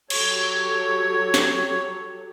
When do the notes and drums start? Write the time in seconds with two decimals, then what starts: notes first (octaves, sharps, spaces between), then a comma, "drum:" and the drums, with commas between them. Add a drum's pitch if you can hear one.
0.10 F#3 G4 A4 C#5, drum: cymbal
1.34 drum: snare